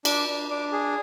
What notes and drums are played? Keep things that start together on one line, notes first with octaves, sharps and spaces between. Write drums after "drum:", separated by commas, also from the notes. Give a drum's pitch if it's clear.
D4 D6, drum: cymbal
D4
D4 D6
G#4